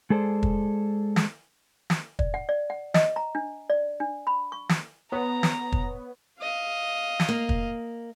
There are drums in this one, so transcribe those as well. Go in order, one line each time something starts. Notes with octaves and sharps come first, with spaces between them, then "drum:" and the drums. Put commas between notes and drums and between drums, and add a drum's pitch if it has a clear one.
G#3 G#4 A4 C5 D5
drum: kick
drum: snare
drum: snare
D5, drum: kick
F#5
D5
F#5
D#5, drum: snare
A#5
D4
D5
D4
B5
C#6
drum: snare
B3 B4 C#5 A#5 D#6
drum: snare
drum: kick
D#5 F5
drum: snare
A#3
drum: kick